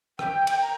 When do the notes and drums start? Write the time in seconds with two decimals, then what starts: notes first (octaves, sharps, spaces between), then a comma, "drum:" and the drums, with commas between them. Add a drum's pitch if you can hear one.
0.19 G5, drum: rim click
0.47 drum: cymbal
0.61 A#5